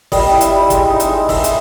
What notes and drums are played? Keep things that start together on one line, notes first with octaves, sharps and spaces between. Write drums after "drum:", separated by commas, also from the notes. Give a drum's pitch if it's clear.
G3 D#5, drum: kick, open hi-hat
E4
drum: hi-hat
G3
G#3, drum: kick, hi-hat
D#4
drum: hi-hat
G#3
D#4 E5, drum: kick, open hi-hat
drum: hi-hat